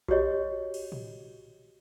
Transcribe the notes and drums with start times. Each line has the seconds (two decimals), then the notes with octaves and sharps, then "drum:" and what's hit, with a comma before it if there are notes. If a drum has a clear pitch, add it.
0.08 F#4 G4 C#5 D#5, drum: kick A#1
0.74 drum: cymbal
0.92 drum: tom